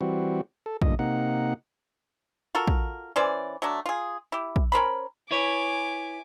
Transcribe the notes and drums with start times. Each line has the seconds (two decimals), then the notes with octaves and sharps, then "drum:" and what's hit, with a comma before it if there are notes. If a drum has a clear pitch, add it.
0.01 E3 G3 C4 F#4
0.66 A4
0.82 D2 G2 A#2 D#5, drum: kick
0.99 C3 A#3 D#4 F#5
2.55 F4 F#4 A4 A#4
2.67 drum: kick
3.16 E3 C#4 C5 D5
3.62 F#3 A3 D4
3.86 F4 G#4
4.32 E4 G4
4.56 drum: kick
4.72 C#4 A#4 C5 B5
5.31 E4 B4 C#5 G#5 D6